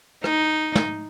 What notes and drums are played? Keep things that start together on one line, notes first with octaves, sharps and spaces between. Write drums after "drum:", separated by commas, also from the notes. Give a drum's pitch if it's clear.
D#4, drum: rim click
drum: snare